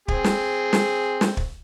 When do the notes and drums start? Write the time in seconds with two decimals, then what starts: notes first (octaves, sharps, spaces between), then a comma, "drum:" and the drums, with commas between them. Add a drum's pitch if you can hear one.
0.08 C4 G#4, drum: kick
0.24 drum: snare
0.73 drum: snare
1.21 drum: snare
1.37 drum: kick